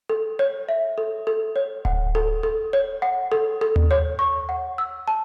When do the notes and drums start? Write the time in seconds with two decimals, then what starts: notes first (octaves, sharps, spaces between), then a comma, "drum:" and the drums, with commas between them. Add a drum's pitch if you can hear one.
0.09 A4
0.39 C#5
0.69 E5
0.98 A4
1.27 A4
1.56 C#5
1.85 F#5, drum: kick D1
2.15 A4
2.43 A4
2.73 C#5
3.02 F#5
3.32 A4
3.61 A4
3.76 drum: tom D#2
3.91 C#5
4.19 C#6
4.49 F#5
4.78 E6
5.08 A5